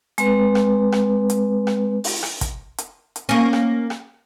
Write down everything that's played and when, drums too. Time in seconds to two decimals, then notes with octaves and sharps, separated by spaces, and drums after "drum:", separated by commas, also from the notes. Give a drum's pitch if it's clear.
0.18 G#3 C4 B4, drum: hi-hat
0.55 drum: rim click
0.92 drum: rim click
1.30 drum: hi-hat
1.67 drum: rim click
2.04 drum: open hi-hat
2.23 drum: rim click
2.41 drum: kick, hi-hat
2.78 drum: hi-hat
3.16 drum: hi-hat
3.29 A#3 C#4
3.53 drum: rim click
3.90 drum: rim click